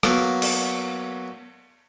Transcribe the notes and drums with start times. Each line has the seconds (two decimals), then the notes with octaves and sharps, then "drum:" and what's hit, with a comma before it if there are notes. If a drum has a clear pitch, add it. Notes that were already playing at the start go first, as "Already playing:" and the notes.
0.03 F#3 A#3 B3 A4 A#4, drum: rim click
0.42 drum: cymbal